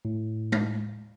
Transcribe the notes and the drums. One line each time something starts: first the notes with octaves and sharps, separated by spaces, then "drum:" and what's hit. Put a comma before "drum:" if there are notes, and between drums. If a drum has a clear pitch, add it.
A2
drum: tom G#3